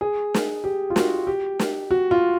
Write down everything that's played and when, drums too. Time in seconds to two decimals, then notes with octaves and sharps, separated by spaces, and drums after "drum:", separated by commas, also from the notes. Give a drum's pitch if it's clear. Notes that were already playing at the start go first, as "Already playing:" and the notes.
0.01 G#4
0.34 drum: snare
0.64 G4
0.90 F4
0.96 F#4, drum: snare
1.27 G4
1.59 drum: snare
1.91 F#4
2.11 F4